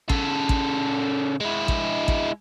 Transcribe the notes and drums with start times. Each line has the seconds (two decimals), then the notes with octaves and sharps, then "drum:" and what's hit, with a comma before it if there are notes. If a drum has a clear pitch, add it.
0.10 C#3 A4, drum: kick
0.49 drum: kick
1.40 G#3 E4
1.68 drum: kick
2.08 drum: kick